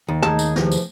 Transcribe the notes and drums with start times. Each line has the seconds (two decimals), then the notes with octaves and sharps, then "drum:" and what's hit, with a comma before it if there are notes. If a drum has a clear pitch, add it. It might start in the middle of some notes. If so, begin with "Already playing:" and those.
0.08 D#2
0.22 D#4 G#4 A5, drum: tom
0.39 drum: tambourine
0.56 E2 C3 F3, drum: snare
0.72 drum: tambourine